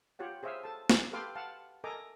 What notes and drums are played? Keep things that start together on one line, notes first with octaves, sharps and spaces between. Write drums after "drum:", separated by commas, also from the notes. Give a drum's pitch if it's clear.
F4 G4 C#5 F#5
G#4 C5 C#5 E5 F5
A4 A5
drum: snare
G4 A4 B4 F5 C6 D6
F5 F#5 A5
A4 A#4 D#5 G#5 A#5 D6